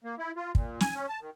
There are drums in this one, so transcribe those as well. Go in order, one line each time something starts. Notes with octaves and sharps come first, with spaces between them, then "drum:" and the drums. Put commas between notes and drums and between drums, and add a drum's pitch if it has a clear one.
A#3
E4
F4
A#2, drum: kick
G#5, drum: snare
C#4
A5
D#3